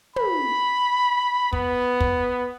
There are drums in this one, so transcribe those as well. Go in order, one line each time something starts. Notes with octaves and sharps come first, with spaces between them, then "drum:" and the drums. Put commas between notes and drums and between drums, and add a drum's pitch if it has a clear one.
B5, drum: tom
B3, drum: kick
drum: kick